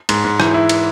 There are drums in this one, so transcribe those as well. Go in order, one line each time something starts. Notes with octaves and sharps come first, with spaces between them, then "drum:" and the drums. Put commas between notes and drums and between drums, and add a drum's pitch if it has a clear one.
G#2, drum: cymbal
G#2
E3, drum: rim click
E4
drum: cymbal